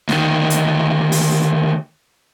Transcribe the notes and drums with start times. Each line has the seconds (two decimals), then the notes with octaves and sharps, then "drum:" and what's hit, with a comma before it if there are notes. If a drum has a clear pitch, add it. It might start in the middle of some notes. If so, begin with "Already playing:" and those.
0.09 D2 D#3, drum: snare
0.50 drum: hi-hat
1.12 drum: open hi-hat